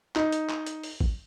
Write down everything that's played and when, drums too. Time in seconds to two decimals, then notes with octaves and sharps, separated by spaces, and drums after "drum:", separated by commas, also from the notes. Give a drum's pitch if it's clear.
0.16 D#4, drum: clap
0.32 drum: hi-hat
0.49 drum: clap
0.66 drum: hi-hat
0.83 drum: open hi-hat
1.01 drum: kick